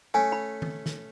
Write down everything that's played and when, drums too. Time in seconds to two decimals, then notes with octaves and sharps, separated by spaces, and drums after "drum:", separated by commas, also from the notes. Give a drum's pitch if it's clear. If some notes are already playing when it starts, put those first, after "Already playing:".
0.14 A3 C#4 G#5
0.32 B5
0.62 drum: tom D#3
0.86 drum: snare